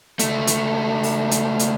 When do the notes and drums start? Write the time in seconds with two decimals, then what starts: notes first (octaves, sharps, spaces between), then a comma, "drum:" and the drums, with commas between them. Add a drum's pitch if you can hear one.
0.19 C#2 A3, drum: hi-hat
0.47 drum: hi-hat
1.03 drum: open hi-hat
1.31 drum: hi-hat
1.59 drum: hi-hat